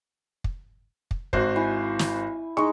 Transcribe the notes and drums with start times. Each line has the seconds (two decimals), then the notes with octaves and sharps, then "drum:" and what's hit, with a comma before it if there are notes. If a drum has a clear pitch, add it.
0.44 drum: kick
1.11 drum: kick
1.33 G#1 F#4 C5, drum: kick
1.56 E4 G#5
1.99 drum: snare
2.57 G#3 D#4 C#6